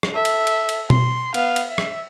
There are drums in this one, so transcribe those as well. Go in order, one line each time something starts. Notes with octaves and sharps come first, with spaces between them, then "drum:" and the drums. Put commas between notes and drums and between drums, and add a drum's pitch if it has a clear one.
drum: rim click
A4 E5
drum: cymbal
drum: cymbal
drum: cymbal
C6, drum: tom B2
B3 F5, drum: cymbal
drum: cymbal
E5
drum: rim click